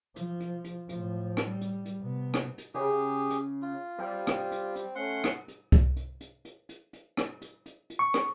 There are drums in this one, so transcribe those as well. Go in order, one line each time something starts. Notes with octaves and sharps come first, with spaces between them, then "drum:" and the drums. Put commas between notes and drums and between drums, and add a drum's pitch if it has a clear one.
F3, drum: hi-hat
drum: hi-hat
drum: hi-hat
A2 F3, drum: hi-hat
drum: rim click
G3
drum: hi-hat
drum: hi-hat
C3 B3
drum: rim click
drum: hi-hat
C#3 G4 G#4
drum: hi-hat
F4
G3 C4
drum: rim click
drum: hi-hat
drum: hi-hat
A3 C#4 F#5 C6
drum: rim click
drum: hi-hat
drum: kick C2, hi-hat
drum: hi-hat
drum: hi-hat
drum: hi-hat
drum: hi-hat
drum: hi-hat
drum: rim click
drum: hi-hat
drum: hi-hat
drum: hi-hat
C#6
drum: rim click